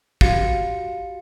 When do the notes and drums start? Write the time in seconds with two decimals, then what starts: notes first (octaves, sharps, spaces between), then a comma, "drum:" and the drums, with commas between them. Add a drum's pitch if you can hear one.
0.21 F#4 G4 F5 A6 C#7, drum: kick